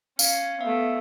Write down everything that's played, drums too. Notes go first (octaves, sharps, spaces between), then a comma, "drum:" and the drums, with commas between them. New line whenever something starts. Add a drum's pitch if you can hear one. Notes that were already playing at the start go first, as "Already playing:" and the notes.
C#4 F5, drum: tambourine
A3 B3 E5 F5